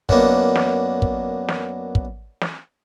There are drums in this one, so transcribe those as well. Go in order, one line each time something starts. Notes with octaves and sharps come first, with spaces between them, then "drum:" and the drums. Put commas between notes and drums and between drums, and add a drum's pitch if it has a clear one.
F#2 F#3 A#3 B3 D4 D#4, drum: kick
drum: snare
drum: kick
drum: snare
drum: kick
drum: snare